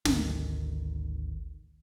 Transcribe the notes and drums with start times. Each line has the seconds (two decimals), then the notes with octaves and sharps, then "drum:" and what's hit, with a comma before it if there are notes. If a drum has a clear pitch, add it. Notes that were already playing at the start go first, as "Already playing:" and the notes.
0.05 G#1 D2 D#3, drum: snare